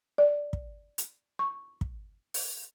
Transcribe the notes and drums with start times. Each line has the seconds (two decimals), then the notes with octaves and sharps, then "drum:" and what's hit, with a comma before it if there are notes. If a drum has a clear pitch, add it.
0.18 D5
0.53 drum: kick
0.98 drum: hi-hat
1.39 C#6
1.81 drum: kick
2.34 drum: open hi-hat